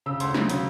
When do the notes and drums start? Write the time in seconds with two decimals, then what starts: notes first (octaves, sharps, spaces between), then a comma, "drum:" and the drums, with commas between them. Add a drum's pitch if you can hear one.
0.06 C#3 E6
0.20 D2 C6, drum: hi-hat
0.34 F#3, drum: snare
0.49 C#3, drum: hi-hat